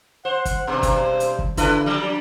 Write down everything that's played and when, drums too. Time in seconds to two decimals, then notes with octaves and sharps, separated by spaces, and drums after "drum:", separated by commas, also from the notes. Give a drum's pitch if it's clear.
0.25 C5 F#5
0.45 drum: kick, hi-hat
0.67 G2 B2 C5
0.83 drum: kick, hi-hat
1.20 drum: hi-hat
1.39 drum: kick
1.57 D3 E4 A4 B4, drum: kick, hi-hat
1.86 F3 G3
2.02 D4